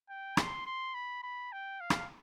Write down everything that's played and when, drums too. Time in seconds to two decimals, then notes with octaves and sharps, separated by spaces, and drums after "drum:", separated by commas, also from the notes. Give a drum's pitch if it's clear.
0.09 G5
0.37 C6, drum: rim click
0.66 C6
0.95 B5
1.23 B5
1.52 G5
1.81 F5
1.90 drum: rim click